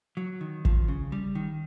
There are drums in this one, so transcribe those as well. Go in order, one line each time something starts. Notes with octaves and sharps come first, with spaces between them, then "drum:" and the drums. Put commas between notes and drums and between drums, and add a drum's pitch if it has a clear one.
F#3
D#3
F3, drum: kick
C#3
G3
D#3